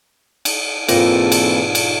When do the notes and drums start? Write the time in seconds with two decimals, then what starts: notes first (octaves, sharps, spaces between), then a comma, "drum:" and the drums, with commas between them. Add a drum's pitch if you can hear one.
0.45 drum: cymbal
0.88 G#2 B2 E3 A#3 C4 F4 A4, drum: cymbal
1.32 drum: cymbal
1.75 drum: cymbal